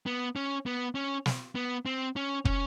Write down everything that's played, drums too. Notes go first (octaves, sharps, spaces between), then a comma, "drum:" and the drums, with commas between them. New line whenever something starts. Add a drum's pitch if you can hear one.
B3
C#4
B3
C#4
drum: snare
B3
C4
C#4
C#4, drum: kick